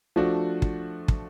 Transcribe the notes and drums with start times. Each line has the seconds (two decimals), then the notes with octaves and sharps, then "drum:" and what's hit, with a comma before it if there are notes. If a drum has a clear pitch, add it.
0.16 F3 A3 D4 F#4
0.62 drum: kick
1.08 drum: kick